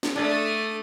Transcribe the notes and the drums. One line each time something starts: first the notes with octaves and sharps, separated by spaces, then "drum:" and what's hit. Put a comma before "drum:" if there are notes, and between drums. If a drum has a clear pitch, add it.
drum: snare
A3 D4 D#6